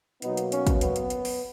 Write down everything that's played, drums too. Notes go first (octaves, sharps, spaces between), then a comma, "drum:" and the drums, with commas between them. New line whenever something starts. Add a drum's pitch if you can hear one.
B2 F#3 A#3 B3 D#4, drum: hi-hat
drum: hi-hat
C#4, drum: hi-hat
drum: kick, hi-hat
B3, drum: hi-hat
drum: hi-hat
drum: hi-hat
drum: open hi-hat